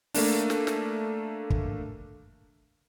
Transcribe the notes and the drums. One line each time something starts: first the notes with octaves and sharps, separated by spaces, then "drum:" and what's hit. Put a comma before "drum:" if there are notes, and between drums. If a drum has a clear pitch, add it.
A3 A#3 D4, drum: open hi-hat
drum: snare
drum: snare
drum: kick